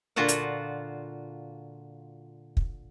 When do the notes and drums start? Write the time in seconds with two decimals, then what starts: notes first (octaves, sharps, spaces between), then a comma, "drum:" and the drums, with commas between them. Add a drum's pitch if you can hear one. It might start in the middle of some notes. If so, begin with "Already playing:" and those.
0.16 A#2 D3 F4 F#4 F#5
0.28 drum: hi-hat
2.57 drum: kick